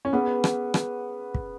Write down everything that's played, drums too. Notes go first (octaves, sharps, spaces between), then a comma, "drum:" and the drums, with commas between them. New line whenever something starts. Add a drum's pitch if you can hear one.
C#4
B3 G#4 B4 F#5
drum: rim click
drum: rim click
drum: kick